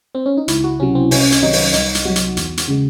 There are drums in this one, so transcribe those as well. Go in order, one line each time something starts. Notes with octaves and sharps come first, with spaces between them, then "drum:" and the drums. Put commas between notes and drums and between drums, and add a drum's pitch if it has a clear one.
C4
C#4
D#4
C#2 E4, drum: hi-hat
F#4
C3 F#3 C#4
C4
C2 C#4, drum: open hi-hat
drum: hi-hat
C3 D#3 F#3 D#4
drum: open hi-hat
C2 D#4, drum: hi-hat
drum: hi-hat
C3 F#3 F#4
drum: hi-hat
E2, drum: hi-hat
drum: hi-hat
C#3 G#3